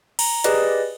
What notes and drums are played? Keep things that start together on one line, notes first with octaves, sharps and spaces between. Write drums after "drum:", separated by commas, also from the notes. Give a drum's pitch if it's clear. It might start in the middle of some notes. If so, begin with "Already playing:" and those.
A#5, drum: cymbal
G4 G#4 B4 D5 D#5, drum: hi-hat